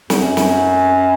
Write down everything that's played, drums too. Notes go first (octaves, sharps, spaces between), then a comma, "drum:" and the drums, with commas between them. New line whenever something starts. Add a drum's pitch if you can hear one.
E2, drum: snare
F#2
drum: snare